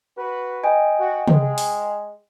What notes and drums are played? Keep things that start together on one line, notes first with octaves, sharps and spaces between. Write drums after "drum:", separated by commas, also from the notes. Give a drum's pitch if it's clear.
F#4 B4
D#5 G5 G#5
F#4
G#3, drum: tom
drum: open hi-hat